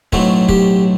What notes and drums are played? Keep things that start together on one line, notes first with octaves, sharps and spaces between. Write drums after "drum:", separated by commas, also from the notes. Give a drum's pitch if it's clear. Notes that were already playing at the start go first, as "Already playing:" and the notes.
B1 A2 F#3 A3 C4, drum: kick
G4, drum: kick